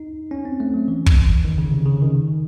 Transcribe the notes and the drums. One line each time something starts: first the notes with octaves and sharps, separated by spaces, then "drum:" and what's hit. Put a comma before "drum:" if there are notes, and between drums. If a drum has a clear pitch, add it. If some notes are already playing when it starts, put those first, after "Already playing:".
Already playing: D#4
C#4
C4
A3
F#3
E3
drum: kick
D#3
C#3
C3
C#3
D#3